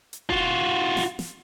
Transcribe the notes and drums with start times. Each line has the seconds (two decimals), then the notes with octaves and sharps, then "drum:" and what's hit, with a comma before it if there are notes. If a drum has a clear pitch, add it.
0.13 drum: hi-hat
0.30 F4 F#4, drum: kick F1
0.97 drum: snare
1.19 drum: snare